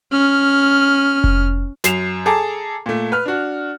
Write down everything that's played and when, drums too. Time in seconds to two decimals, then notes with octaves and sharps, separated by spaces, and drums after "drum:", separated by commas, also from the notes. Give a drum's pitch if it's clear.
0.12 C#4 F6
1.24 drum: kick F1
1.84 F#2 C7 E7 F7, drum: snare
2.26 G#4 A4 A5 A#5 D6
2.86 A#2 A3
3.12 B4 F6
3.26 D4 F#4